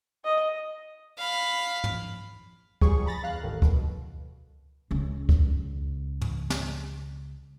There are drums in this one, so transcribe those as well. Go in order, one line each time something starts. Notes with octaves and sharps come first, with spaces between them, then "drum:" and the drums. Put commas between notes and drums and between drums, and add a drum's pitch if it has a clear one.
D#5
F5 B5
drum: tom
F3 G3 G#4 C#6, drum: kick C#2
A#5 B5 A6 A#6
E2 F5 F#6
A1 D#2 A2 D#3 A3
B2, drum: kick C#2
C#2 C#3
drum: kick C#2
drum: tom
drum: snare